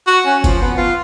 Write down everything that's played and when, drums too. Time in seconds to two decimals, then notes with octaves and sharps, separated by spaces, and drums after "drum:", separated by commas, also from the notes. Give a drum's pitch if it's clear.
0.07 F#4
0.26 C#4
0.44 F3, drum: kick G1, hi-hat
0.61 B3
0.77 F4